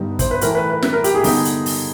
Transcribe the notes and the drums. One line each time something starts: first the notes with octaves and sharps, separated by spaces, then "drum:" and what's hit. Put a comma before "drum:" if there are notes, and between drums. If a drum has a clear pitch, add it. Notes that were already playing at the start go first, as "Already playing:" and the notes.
Already playing: G2 D3 G3 B3 D#4
C5, drum: kick, hi-hat
B4
A2 E3 A3 A#4, drum: hi-hat
B4
B4
B4, drum: snare
A#4
G4, drum: hi-hat
G#4
D3 G3 B3 D#4, drum: open hi-hat
drum: hi-hat
drum: open hi-hat